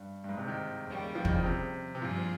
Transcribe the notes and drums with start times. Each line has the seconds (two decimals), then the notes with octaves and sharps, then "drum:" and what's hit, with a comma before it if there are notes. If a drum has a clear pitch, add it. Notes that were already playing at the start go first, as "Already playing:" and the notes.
Already playing: G2
0.24 G2
0.29 G#2
0.38 C3
0.48 D#3
0.86 D#2 C#3 G3
1.15 F3
1.25 D#3, drum: kick
1.34 C#3
1.44 C3
1.95 C3
2.02 G2 A#2 F3 C4 F4 G#4